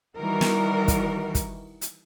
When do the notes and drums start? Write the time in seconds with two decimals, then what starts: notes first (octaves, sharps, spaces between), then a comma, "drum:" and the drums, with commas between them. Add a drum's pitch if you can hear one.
0.18 D#3 E3 G3 F#4 A#4
0.41 drum: snare
0.88 drum: kick, hi-hat
1.35 drum: kick, hi-hat
1.81 drum: hi-hat